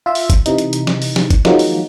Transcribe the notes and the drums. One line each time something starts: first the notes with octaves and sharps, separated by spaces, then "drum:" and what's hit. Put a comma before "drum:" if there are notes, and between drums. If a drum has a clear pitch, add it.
F4 E5
drum: open hi-hat
drum: kick, hi-hat
C3 E3 D#4, drum: hi-hat
drum: hi-hat
drum: hi-hat
drum: snare
drum: open hi-hat
drum: snare
drum: kick, hi-hat
D#3 F3 F#3 G#3 A#3, drum: snare
drum: open hi-hat